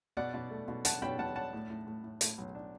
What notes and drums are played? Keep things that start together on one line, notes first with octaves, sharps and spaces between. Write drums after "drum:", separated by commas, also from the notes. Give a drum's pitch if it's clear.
B2 D5 F#5
B2
A3
B2
D4 F#5 A5, drum: hi-hat
B2 G5 B5
B2 F#5 A5
D4 F#5 A5
A2
A2
A2
A2
A2, drum: hi-hat
B1
D4